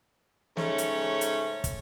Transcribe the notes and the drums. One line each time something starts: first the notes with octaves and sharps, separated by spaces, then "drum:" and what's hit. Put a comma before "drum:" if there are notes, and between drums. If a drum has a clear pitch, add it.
G#2 C#3 A3 C#4 C#5, drum: snare
drum: hi-hat
drum: hi-hat
drum: kick, hi-hat